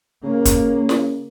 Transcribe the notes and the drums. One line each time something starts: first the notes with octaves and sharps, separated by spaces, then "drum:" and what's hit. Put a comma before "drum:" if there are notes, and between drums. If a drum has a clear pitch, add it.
C#3 A#3
drum: kick, hi-hat
drum: snare